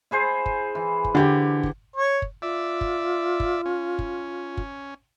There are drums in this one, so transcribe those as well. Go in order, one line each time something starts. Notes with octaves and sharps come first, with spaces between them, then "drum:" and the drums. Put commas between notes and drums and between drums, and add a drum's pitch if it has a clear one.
E4 G#4 C5
drum: kick
E3
drum: kick
D3 G4 G5
drum: kick
C#5
drum: kick
F4 D5 E5
drum: kick
drum: kick
C#4
drum: kick
drum: kick